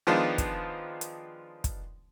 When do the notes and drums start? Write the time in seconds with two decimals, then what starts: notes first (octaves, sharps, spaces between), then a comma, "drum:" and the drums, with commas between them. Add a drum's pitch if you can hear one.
0.07 D#3 F3 G#3 B3 D4 F4
0.38 drum: kick, hi-hat
1.01 drum: hi-hat
1.64 drum: kick, hi-hat